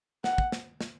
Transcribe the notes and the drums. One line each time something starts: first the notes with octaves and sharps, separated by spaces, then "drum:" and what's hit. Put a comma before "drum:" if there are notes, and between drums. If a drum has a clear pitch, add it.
F#5, drum: snare
drum: kick
drum: snare
drum: snare